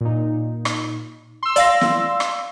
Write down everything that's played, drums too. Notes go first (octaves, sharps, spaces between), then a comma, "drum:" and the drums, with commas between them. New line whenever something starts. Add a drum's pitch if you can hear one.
A#2 D#4
drum: rim click
C6 E6
D5 F5 A#6, drum: hi-hat
drum: snare
drum: rim click